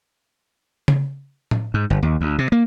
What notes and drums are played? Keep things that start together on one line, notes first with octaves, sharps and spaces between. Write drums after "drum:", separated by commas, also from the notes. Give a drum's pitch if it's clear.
drum: tom C#3
drum: tom A2
G#2
G1
D#2
D2
C3
A#3